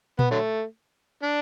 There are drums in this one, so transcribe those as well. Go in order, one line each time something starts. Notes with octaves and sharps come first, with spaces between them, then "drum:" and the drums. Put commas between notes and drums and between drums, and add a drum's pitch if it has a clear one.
B3, drum: tom A#2
D3 F#3 A3
D4